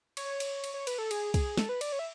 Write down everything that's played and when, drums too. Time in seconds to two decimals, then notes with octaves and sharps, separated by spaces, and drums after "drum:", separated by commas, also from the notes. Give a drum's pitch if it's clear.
0.17 C#5, drum: cymbal
0.40 drum: cymbal
0.64 drum: cymbal
0.74 C#5
0.87 B4, drum: cymbal
0.98 A4
1.11 G#4, drum: cymbal
1.34 G#4, drum: kick, cymbal
1.57 A4, drum: snare
1.69 B4
1.81 D5, drum: cymbal
1.92 C#5
1.99 E5